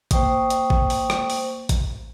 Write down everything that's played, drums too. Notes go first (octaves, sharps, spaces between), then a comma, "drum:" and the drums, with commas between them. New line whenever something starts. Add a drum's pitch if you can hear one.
A#3 C5 G5 C#6 D#6, drum: kick A1, hi-hat
drum: hi-hat
drum: kick A1
drum: open hi-hat
drum: rim click
drum: open hi-hat
drum: kick A1, hi-hat